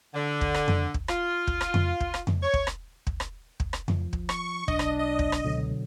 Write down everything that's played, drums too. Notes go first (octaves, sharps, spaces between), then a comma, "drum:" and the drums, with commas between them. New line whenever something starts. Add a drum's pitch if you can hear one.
D3
drum: kick
drum: rim click
drum: tom F2
drum: kick
F4, drum: rim click
drum: kick
drum: rim click
drum: tom F2
drum: kick
drum: rim click
drum: tom F2
C#5
drum: kick
drum: rim click
drum: kick
drum: rim click
drum: kick
drum: rim click
F3, drum: tom F2
drum: kick
C#6, drum: rim click
B1 D4 D#5, drum: kick
drum: rim click
D#5
drum: kick
drum: rim click
C#2 B2 D3 F#3